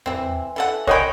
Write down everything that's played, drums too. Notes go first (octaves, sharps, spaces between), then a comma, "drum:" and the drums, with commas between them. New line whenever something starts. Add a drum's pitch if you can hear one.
E3 C4, drum: tom E2
E3 A4 F#5
A#4 C#5 D#5 G5 G#5 B5, drum: kick